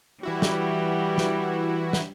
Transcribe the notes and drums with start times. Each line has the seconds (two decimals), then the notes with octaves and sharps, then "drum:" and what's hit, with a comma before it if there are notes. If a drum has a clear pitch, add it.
0.23 E3 G3 E4 F#4
0.42 drum: snare
1.18 drum: snare
1.93 drum: snare